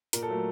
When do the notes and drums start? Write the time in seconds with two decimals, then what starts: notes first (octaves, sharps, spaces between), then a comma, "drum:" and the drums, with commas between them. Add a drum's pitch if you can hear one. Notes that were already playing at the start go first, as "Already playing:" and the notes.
0.13 A#2 A#4, drum: hi-hat
0.23 A4
0.28 F#3 A3 A#4